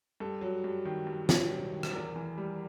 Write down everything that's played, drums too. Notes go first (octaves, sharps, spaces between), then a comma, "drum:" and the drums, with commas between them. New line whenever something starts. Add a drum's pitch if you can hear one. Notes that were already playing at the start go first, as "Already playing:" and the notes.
G2 A4
F#3
G2
D#3
G2
F#3, drum: snare
G2
D#3
drum: rim click
E2 A#4
E3
G3